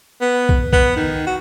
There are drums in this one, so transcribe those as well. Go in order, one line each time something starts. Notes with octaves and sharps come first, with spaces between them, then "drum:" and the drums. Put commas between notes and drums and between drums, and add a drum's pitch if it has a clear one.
B3
drum: kick B1
B3, drum: kick B1
D#3
F#4